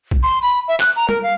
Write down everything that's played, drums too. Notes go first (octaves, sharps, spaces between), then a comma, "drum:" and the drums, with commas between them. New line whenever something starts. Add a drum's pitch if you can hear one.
drum: kick
C6
B5
E5
F#6, drum: clap
A#5
A#4, drum: tom G3
F5